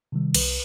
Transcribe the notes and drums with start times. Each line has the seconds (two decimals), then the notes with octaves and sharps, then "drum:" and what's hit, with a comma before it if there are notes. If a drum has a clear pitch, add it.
0.12 C3 D#3 G3
0.34 C2 B4, drum: cymbal